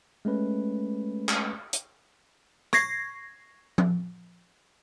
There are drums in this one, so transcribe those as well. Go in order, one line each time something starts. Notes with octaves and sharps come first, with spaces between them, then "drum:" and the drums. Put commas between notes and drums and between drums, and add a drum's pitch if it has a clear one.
G#3 A3 C#4 B4
drum: clap
drum: hi-hat
C#6 G#6 A#6 C7, drum: rim click
drum: tom F3